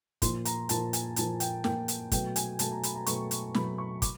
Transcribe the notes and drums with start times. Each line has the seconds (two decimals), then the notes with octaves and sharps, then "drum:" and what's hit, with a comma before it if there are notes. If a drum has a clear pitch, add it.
0.22 A#2 F3 A#3 C6, drum: kick, hi-hat
0.45 A#5, drum: hi-hat
0.69 A#2 F3 A#3 A5, drum: hi-hat
0.93 G#5, drum: hi-hat
1.16 A#2 F3 A#3 A5, drum: hi-hat
1.40 G5, drum: hi-hat
1.64 A#2 F3 A#3 G5, drum: snare
1.88 drum: hi-hat
2.12 B2 F#3 A3 G5, drum: kick, hi-hat
2.36 G#5, drum: hi-hat
2.59 B2 F#3 A3 A5, drum: hi-hat
2.72 A#5
2.83 B5, drum: hi-hat
2.95 A#5
3.06 B2 F#3 A3 C#6, drum: hi-hat
3.31 drum: hi-hat
3.54 B2 F#3 A3 B5, drum: snare
3.78 C#6
4.02 D6, drum: kick, hi-hat